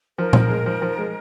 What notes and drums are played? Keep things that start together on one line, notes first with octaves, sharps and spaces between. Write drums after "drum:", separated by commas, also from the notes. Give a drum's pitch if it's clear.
F3 A#4
F3, drum: tom A#2
G#3
F3
F3
G#3